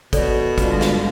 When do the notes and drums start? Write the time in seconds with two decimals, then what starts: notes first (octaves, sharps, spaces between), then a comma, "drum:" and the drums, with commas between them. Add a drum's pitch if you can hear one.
0.13 B2 A4 C#5 D5, drum: kick, hi-hat
0.58 G2 D3 G#3 F4 F5, drum: kick, hi-hat
0.81 drum: snare